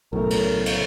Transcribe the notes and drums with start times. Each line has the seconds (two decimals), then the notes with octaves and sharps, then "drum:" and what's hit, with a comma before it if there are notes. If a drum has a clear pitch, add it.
0.13 B1 A2 C#3 A3 A#4
0.30 drum: cymbal
0.66 drum: cymbal